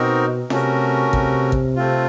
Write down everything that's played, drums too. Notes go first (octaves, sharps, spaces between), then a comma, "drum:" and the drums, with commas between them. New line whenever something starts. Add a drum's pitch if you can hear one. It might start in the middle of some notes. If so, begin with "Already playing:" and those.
Already playing: B2 C4 D#4 F#4 A#4
C3 A3 C#4 F#4 A#4, drum: snare
C3, drum: kick
drum: kick
A3 C4 F4